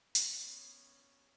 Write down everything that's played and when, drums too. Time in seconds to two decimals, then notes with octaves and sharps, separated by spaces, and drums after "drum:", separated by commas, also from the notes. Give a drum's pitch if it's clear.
0.15 B3 C#4, drum: hi-hat